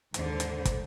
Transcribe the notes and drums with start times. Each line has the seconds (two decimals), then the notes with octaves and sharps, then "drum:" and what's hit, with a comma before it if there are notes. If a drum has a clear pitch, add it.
0.14 D#2 G#2 D3 C5, drum: hi-hat
0.40 drum: hi-hat
0.65 drum: kick, hi-hat